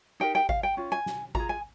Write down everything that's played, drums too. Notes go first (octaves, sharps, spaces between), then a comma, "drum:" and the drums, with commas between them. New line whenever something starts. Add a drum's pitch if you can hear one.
D#4 G4 A#4 G5
G5
F5, drum: kick G#1
G5
C#4 F4
G#5
drum: snare
F4 G#4 A#5, drum: kick G#1
G#5